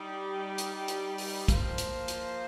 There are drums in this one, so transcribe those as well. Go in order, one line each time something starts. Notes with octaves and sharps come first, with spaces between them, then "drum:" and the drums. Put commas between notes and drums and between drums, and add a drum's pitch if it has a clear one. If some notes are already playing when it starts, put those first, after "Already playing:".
Already playing: G3 D#4 G4
drum: hi-hat
drum: hi-hat
drum: open hi-hat
F3 A#3 F4 C5, drum: kick, hi-hat
drum: hi-hat
drum: hi-hat